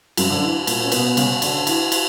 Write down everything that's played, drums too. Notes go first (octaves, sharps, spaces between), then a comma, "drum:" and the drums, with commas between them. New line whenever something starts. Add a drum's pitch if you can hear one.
F#2 F#3, drum: cymbal
D3
E3
A#2 A#3, drum: cymbal
C#4
B2 B3, drum: cymbal
C#3 C#4, drum: cymbal
D3 D4, drum: cymbal
E3 E4, drum: cymbal
drum: cymbal